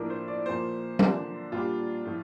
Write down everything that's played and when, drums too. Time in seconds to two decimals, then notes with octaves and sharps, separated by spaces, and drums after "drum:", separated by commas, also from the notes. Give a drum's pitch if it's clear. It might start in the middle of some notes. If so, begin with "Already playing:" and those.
Already playing: A2 F3 A#3 D4 A#4
0.10 C5
0.28 D5
0.46 A#2 F3 A#3 C5
0.99 D3 F3 A#3 D4, drum: tom F#3
1.52 A#2 G3 D4 F4
2.05 A2 F3